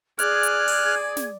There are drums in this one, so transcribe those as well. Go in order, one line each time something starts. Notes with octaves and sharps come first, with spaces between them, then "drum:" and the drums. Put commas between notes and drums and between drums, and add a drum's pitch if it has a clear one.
G#4 D5 F6 F#6 G#6, drum: hi-hat
drum: hi-hat
drum: open hi-hat
drum: snare